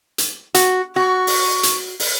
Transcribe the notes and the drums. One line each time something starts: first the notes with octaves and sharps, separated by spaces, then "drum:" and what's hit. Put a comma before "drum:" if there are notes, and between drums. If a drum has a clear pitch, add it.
drum: hi-hat
F#4, drum: hi-hat
F#4 C#6
drum: open hi-hat
drum: hi-hat
drum: open hi-hat